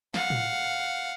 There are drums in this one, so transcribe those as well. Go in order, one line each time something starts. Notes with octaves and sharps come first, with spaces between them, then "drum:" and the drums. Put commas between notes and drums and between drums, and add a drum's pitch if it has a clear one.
F5 F#5, drum: snare
drum: tom A2